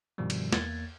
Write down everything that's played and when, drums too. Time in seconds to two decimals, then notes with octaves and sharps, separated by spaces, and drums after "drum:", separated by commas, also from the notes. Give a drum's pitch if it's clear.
0.18 G2 B2 D#3 F3 G3
0.30 drum: cymbal
0.53 E2 A#3 G#6 A6, drum: snare